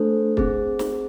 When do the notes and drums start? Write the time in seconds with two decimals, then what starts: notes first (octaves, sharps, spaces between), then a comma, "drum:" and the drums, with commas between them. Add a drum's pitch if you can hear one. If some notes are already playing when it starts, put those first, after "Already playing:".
Already playing: A3 D4 A4 C5
0.37 C4 G#4, drum: kick
0.79 drum: snare